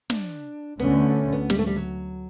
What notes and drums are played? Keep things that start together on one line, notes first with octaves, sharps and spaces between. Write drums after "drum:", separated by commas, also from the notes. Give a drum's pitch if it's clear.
D4, drum: snare
D2 D3 A3 B3 C#4, drum: hi-hat
B3
G3, drum: snare
A3
G3
F#3